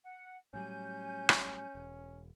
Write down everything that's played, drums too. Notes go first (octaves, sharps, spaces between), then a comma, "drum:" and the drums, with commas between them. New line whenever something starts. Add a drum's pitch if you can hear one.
F#5
A2 F#3 G3 C#4 G#5 G6
drum: rim click
E1